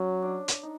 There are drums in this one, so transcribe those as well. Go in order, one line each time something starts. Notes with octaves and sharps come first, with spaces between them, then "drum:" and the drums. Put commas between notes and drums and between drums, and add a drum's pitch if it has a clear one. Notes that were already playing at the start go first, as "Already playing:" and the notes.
Already playing: F#3 C#4
D4
drum: hi-hat
D#4